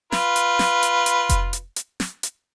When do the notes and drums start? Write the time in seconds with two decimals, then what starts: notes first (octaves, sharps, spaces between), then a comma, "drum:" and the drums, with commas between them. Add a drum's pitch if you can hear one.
0.12 F4 B4, drum: snare
0.36 drum: hi-hat
0.59 drum: snare
0.83 drum: hi-hat
1.06 drum: hi-hat
1.29 drum: kick F1, hi-hat
1.53 drum: hi-hat
1.76 drum: hi-hat
2.00 drum: snare
2.23 drum: hi-hat